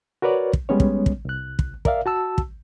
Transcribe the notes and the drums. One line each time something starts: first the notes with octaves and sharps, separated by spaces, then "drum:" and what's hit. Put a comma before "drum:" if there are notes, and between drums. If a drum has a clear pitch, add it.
F#4 A#4 B4 C#5 D5
drum: kick
G3 G#3 B3 C#4 C#5
drum: kick
drum: kick
C2 F#6
drum: kick
A#4 D5 E5 F5, drum: kick
F#4 A5 E6
drum: kick